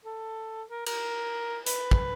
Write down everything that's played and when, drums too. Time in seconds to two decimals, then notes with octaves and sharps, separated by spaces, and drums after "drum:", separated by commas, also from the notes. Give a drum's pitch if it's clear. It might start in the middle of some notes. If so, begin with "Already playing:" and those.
0.05 A4
0.70 A#4
0.86 A#4, drum: cymbal
1.66 B4, drum: hi-hat
1.91 drum: kick